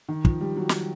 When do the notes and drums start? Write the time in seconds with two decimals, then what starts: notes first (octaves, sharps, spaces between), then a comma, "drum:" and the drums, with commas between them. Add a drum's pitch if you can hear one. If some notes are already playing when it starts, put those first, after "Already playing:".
0.09 D#3
0.25 F3, drum: kick
0.41 G3
0.57 F#3
0.69 drum: snare